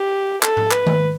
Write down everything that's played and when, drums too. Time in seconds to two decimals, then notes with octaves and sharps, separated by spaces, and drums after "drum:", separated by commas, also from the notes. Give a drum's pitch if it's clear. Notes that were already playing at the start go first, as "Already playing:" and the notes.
Already playing: G4
0.43 A4, drum: clap
0.57 drum: tom G#2
0.71 B4, drum: clap
0.86 drum: tom D#3